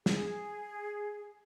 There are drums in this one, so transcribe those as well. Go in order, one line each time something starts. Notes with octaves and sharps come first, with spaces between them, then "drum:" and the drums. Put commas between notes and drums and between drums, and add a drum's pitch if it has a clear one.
G#4, drum: snare